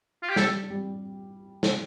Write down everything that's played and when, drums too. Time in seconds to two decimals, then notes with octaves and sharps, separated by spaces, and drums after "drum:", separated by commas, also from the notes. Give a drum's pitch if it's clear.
0.23 F4
0.30 G4
0.36 G3 A4, drum: snare
0.70 G3
1.63 drum: snare